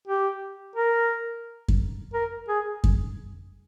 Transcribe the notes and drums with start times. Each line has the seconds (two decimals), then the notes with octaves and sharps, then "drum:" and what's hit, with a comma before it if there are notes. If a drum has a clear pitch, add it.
0.07 G4
0.76 A#4
1.68 drum: kick F#2
2.14 A#4
2.49 G#4
2.84 drum: kick F#2